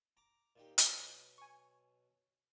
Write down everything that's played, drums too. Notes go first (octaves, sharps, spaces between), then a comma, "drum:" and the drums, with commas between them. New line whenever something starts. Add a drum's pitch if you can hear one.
A#5 D6
A#2 D#4 G4
B2 F#3, drum: hi-hat
G#5 C#6